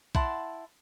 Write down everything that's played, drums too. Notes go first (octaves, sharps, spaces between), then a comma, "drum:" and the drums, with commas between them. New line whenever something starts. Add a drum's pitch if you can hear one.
E4 F#5 A5 C6, drum: kick